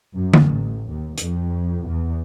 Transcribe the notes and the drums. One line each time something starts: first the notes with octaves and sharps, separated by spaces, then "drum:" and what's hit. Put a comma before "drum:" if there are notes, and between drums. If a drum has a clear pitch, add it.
F#2
drum: tom D3
A1
D#2
F2, drum: hi-hat
E2